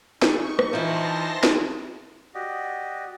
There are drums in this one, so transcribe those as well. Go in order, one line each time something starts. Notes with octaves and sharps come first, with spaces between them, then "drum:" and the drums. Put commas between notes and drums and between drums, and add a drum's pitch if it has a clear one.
D#4 C#6, drum: snare
drum: rim click
E3 F3 D#4 E4 A5 C6 A#6
drum: snare
F#4 G4 D5 D#5